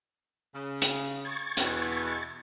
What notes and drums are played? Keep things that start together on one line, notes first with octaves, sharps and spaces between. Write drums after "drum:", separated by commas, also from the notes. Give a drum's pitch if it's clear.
C#3
drum: hi-hat
C#6 G#6 A6
E2 B2, drum: hi-hat